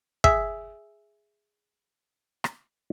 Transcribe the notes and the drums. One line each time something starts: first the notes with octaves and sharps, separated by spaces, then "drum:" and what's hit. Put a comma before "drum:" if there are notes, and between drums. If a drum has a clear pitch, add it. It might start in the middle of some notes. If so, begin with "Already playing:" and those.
G#4 E5, drum: kick
drum: rim click